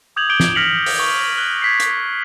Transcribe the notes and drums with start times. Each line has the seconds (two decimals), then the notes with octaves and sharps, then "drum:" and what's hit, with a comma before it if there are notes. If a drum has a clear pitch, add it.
0.16 D6 D#6 G6 G#6 F7 F#7
0.29 D6 G6 D7 G7
0.40 drum: snare
0.55 F6 A#6 B6 C#7 F7 F#7
0.86 drum: open hi-hat
0.99 C#6
1.38 F#6 G7
1.62 G#6 B6 C7
1.80 drum: hi-hat